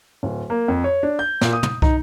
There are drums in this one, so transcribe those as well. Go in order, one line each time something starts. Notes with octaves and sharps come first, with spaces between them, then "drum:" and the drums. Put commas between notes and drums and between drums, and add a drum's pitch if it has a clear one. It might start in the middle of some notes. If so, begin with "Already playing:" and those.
D1
A#3
F2
C#5
D4
G6
A#2, drum: snare
D#6
drum: tom
D#4, drum: kick